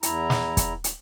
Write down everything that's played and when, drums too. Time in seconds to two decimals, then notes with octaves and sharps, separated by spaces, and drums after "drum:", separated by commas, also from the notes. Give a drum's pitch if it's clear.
0.03 E2 E4 A#5, drum: hi-hat
0.30 drum: snare
0.57 drum: kick, hi-hat
0.84 drum: hi-hat